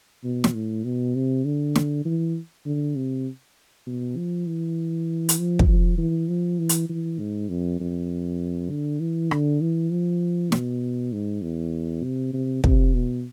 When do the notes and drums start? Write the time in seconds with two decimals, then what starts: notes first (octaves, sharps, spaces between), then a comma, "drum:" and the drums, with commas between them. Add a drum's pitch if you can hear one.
0.24 B2
0.44 drum: snare
0.55 A2
0.85 B2
1.15 C3
1.45 D3
1.76 drum: snare
2.06 E3
2.66 D3
2.96 C3
3.87 B2
4.17 F3
4.47 E3
5.29 drum: hi-hat
5.39 F3
5.59 drum: kick
5.68 F3
5.98 E3
6.29 F3
6.59 E3
6.69 drum: hi-hat
6.89 E3
7.19 G#2
7.49 F2
7.80 F2
8.70 D3
9.00 E3
9.31 D3, drum: rim click
9.61 E3
9.91 F3
10.52 B2, drum: snare
11.13 G#2
11.42 E2
12.03 C3
12.33 C3
12.64 C3, drum: kick
12.94 B2